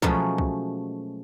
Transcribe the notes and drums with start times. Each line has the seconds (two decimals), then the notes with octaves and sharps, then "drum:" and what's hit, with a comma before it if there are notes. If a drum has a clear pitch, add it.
0.02 B2 F3 F#3 G#3 A3 C#4, drum: kick C2
0.38 drum: kick C2